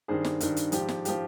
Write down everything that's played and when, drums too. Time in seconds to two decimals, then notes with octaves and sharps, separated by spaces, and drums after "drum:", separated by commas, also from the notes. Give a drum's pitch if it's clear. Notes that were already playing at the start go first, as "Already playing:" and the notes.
0.08 G2 D#3 G#4 C5
0.25 drum: snare
0.40 G2 D#3, drum: hi-hat
0.57 drum: hi-hat
0.72 G#2 F3 G4, drum: hi-hat
0.89 drum: snare
1.05 G4, drum: hi-hat
1.08 F3